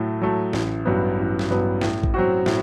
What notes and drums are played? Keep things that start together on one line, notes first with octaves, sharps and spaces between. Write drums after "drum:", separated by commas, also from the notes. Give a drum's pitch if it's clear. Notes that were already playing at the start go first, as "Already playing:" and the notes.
Already playing: A2 F#3 A3
F#3 A3
A1, drum: snare
G2 F#3 B3
A1
drum: snare
G2 F#3 B3
A2, drum: snare
drum: kick A1
F#3 C4 F#4
A2, drum: snare